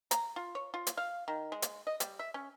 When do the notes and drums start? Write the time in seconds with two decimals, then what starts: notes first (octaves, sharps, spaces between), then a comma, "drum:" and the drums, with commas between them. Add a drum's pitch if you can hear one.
0.11 A#5, drum: hi-hat
0.36 F4
0.55 C#5
0.74 F4
0.87 drum: hi-hat
0.97 F5
1.28 D#3
1.52 G#3
1.62 drum: hi-hat
1.87 D#5
2.00 G3, drum: hi-hat
2.19 E5
2.34 C#4